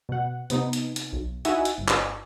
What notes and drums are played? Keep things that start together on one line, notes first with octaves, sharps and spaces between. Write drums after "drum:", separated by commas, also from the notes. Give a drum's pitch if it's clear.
B2 F#5
C3 B3 D#4, drum: hi-hat
drum: hi-hat
drum: hi-hat
B1
D#4 E4 F#4 E5 F#5 G#5, drum: hi-hat
drum: hi-hat
G1
drum: clap